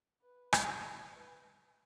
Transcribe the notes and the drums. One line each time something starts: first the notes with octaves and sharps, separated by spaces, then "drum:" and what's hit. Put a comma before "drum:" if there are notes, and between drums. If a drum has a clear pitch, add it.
B4
drum: rim click
B4